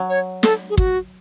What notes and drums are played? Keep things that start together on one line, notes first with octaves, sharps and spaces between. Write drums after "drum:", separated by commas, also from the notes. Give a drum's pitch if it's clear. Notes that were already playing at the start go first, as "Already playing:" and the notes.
Already playing: F#3
C#5
A4, drum: snare
G#4
F#4, drum: kick